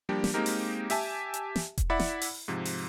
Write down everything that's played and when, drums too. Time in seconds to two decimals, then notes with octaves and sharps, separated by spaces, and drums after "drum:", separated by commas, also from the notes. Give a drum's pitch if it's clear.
0.09 F3 G3 A#3 D4 G4
0.24 drum: snare
0.34 G#3 A#3 C4 D#4 G4 A#4
0.46 drum: open hi-hat
0.90 G4 E5 G#5 A5, drum: open hi-hat
1.34 drum: hi-hat
1.56 drum: snare
1.78 drum: kick E1, hi-hat
1.90 E4 D5 E5 F#5 B5
2.00 drum: snare
2.21 drum: open hi-hat
2.48 G#2 C3 F3
2.65 drum: open hi-hat